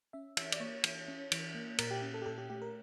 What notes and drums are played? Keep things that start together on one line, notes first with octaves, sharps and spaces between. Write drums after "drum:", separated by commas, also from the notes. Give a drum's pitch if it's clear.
C#4 E5
E3 E5, drum: cymbal
D5, drum: cymbal
A#3 C#5
E3, drum: cymbal
C#4
E3, drum: cymbal
A#3
A#2 A#4, drum: cymbal
G4
C#4
A4
G4
A#2 A4
G4
A3 G4
A#4